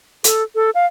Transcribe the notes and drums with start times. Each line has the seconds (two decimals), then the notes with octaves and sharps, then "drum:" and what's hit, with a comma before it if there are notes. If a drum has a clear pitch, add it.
0.24 A4, drum: hi-hat
0.55 A4
0.75 F5